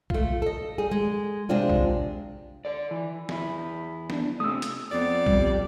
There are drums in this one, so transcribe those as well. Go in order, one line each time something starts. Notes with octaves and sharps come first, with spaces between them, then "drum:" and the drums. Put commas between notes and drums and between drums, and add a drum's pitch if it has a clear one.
A3 F4, drum: kick B1
A4 D#5
G3 G#4
G#3
C3 G#3 C4 D4 F4
drum: kick B1
A4 D5
E3
E2 E4, drum: snare
B3 D4, drum: snare
C3 A3 D#6 E6
drum: hi-hat
F2 B3 D5
G3, drum: kick B1